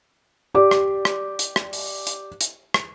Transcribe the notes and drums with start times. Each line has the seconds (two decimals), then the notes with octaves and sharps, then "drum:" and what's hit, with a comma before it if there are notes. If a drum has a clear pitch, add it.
0.54 G4 D5 D6
0.71 drum: rim click
1.05 drum: rim click
1.39 drum: hi-hat
1.56 drum: rim click
1.73 drum: open hi-hat
2.07 drum: hi-hat
2.41 drum: hi-hat
2.74 drum: rim click